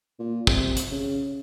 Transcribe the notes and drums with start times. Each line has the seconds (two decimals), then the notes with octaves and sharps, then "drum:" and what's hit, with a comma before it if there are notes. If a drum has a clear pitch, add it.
0.19 A#2
0.47 C3, drum: kick
0.77 drum: hi-hat
0.91 C#3